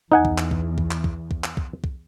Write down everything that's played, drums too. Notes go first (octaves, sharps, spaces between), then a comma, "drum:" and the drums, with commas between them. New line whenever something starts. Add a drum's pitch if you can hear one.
E2 D#4 F#5 G#5
drum: kick
drum: clap
drum: kick
drum: kick
drum: clap
drum: kick
drum: kick
drum: clap
drum: kick
drum: kick